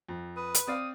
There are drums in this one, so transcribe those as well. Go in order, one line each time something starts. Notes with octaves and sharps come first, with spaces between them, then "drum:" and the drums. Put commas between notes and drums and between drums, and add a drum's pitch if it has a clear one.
F2
B4 D#6
drum: hi-hat
C4 D5 F5 D#6